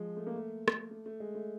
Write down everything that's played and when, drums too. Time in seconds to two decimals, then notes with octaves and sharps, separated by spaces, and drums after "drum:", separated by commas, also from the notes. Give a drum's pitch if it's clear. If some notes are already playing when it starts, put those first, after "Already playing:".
Already playing: F3 G#3
0.17 A3
0.27 A#3
0.36 A3
0.68 drum: rim click
0.91 A3
1.06 A3
1.20 G#3
1.35 A3